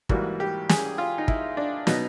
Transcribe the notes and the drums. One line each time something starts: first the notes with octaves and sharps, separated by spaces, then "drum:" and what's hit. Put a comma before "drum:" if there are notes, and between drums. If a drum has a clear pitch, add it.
G#2 E3 G3 A#3 F#4, drum: kick
G4
G#4, drum: snare
F4
D#4
E4, drum: kick
D4
B2 F#3 B3 D#4, drum: snare